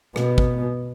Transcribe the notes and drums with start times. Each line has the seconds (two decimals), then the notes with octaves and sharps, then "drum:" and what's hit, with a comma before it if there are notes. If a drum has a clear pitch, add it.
0.16 B2 B3, drum: rim click
0.38 drum: kick